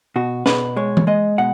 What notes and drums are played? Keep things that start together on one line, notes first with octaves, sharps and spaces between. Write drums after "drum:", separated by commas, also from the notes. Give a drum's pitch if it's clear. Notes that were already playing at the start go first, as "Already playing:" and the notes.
B2 F#4
B2 B4, drum: snare
G#3 C#5
drum: tom E3
G#3 D#5
B2 F#5